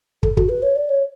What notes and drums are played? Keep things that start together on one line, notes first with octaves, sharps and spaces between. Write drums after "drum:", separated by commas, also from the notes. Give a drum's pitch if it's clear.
A4, drum: kick
F#4, drum: kick
B4
C#5
D5
C#5